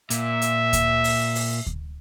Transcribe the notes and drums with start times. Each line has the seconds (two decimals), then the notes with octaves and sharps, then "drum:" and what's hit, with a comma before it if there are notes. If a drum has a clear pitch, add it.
0.10 A#2 E5, drum: hi-hat
0.42 drum: hi-hat
0.73 drum: kick D2, hi-hat
1.04 drum: open hi-hat
1.35 drum: open hi-hat
1.66 drum: kick D2